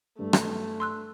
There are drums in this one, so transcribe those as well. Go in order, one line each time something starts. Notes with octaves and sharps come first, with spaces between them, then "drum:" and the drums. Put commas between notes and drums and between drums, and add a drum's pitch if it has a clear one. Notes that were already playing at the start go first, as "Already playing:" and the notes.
G2 A3
drum: rim click
C6 E6 F#6